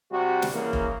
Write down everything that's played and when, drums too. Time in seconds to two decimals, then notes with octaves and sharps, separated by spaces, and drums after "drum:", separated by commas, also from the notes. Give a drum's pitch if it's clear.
0.11 C3 G3 F#4
0.42 drum: snare
0.53 C#3 E3 A#3
0.73 drum: kick F1